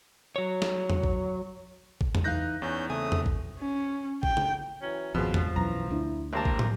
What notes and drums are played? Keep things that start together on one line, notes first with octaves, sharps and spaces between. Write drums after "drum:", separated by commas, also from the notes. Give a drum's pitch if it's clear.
F#3 C#5
drum: snare
drum: tom E2
drum: kick A1
drum: kick A1
drum: tom E2
E3 D#4 F5 F#6 G6 A#6
E2 C#4 D#4 G6
C#3 A3 C4 G#5 D#6
drum: tom E2
drum: kick A1
C#4
G5, drum: kick A1
drum: tom C#3
E3 F#3 C#4
G#1 F2 B2 F3 G#3
drum: tom E2
B1 F#2 E3 A#5
D2 D4 E4
G#1 A#3 G4 A#4 C5 A5
drum: kick A1
drum: tom